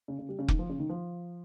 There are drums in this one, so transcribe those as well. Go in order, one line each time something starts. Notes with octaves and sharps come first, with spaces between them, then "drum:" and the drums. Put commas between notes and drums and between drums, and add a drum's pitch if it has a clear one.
C#3
C#3
G3
C#3
D#3, drum: kick F1
F3
C#3
D#3
F3